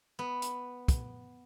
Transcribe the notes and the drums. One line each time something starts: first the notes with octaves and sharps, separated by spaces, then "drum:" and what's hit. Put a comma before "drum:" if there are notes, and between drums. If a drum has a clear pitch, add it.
B3
drum: hi-hat
drum: kick, hi-hat